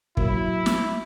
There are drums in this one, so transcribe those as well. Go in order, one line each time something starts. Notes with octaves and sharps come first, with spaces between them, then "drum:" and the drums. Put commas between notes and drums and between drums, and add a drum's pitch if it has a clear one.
F#3 A#3 E4, drum: kick
drum: snare